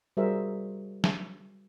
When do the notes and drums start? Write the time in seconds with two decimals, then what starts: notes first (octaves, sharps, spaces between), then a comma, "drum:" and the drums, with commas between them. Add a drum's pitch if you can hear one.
0.17 G3 F#4 G#4 A#4 C5 E5
1.04 drum: snare